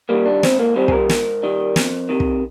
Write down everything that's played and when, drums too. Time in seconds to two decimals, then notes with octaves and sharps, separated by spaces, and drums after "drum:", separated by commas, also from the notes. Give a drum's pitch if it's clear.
0.09 D#3 G3 A#3
0.26 D4
0.43 G#2 C4, drum: snare
0.59 A#3
0.76 D#3 G3 C4
0.88 G#4, drum: kick
0.92 A#4
1.09 G#2, drum: snare
1.43 D#3 G3
1.76 F2, drum: snare
2.09 C3 D#3
2.20 drum: kick